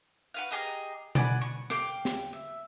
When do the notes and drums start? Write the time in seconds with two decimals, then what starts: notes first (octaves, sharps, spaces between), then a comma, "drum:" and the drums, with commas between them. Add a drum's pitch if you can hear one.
0.34 F#4 B4 F5
0.51 G4 G#4 D#5 A#5
1.15 D5 F#5 G#5 B5, drum: tom B2
1.41 C#6
1.70 F5 G5 D6, drum: rim click
2.05 drum: snare
2.33 E5